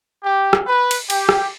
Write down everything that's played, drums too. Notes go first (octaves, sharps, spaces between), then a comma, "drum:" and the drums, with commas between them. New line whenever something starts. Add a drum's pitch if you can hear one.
G4
drum: rim click
B4
drum: cymbal
G4, drum: cymbal
drum: rim click